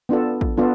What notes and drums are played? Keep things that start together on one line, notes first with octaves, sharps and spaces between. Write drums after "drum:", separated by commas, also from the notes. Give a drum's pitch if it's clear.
B3 D4 F4 A4
drum: kick
B3 D4 F4 A4